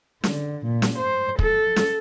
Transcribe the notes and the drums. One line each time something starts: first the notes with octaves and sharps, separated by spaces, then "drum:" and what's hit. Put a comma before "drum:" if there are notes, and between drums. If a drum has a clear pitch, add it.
D3, drum: snare
A#2
drum: snare
C5
A4, drum: kick
drum: snare